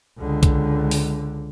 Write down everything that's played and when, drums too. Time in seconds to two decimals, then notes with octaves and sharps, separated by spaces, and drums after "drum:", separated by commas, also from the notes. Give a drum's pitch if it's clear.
0.18 C#2 D3
0.43 drum: kick B1, hi-hat
0.91 drum: open hi-hat